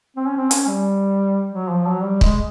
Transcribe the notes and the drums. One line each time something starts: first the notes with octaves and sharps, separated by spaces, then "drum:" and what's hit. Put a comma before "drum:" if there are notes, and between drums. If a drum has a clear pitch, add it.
C4
C#4
C4
C#4, drum: hi-hat
G3
F#3
F3
F#3
G3
G#3, drum: kick